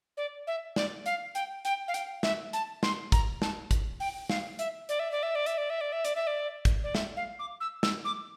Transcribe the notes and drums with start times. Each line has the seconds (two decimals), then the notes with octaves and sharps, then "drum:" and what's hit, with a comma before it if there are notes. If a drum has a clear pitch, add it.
0.17 D5
0.47 E5
0.76 D5, drum: snare
1.06 F5, drum: hi-hat
1.35 G5, drum: hi-hat
1.65 G5, drum: hi-hat
1.88 F5
1.94 G5, drum: hi-hat
2.23 E5, drum: snare
2.53 A5, drum: hi-hat
2.83 C6, drum: snare
3.12 A#5, drum: kick, hi-hat
3.42 A5, drum: snare
3.71 drum: kick, hi-hat
4.00 G5, drum: open hi-hat
4.30 F5, drum: snare
4.59 E5, drum: hi-hat
4.89 D5, drum: hi-hat
4.99 E5
5.12 D5
5.23 E5
5.35 D5
5.46 E5, drum: hi-hat
5.58 D5
5.70 E5
5.81 D5
5.92 E5
6.05 D5, drum: hi-hat
6.16 E5
6.27 D5
6.65 drum: kick, hi-hat
6.84 D5
6.95 E5, drum: snare
7.17 F5
7.39 D6
7.61 E6
7.83 E6, drum: snare
8.05 D6